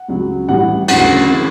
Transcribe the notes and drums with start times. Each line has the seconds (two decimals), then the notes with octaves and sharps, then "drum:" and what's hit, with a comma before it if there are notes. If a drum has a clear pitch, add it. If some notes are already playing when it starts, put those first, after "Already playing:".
Already playing: F#5
0.08 C#2 C#3 F#3
0.48 A1 A2 E3 G3 F#5
0.88 D2 C#3 F#3 F#5, drum: cymbal
1.28 C#3 E3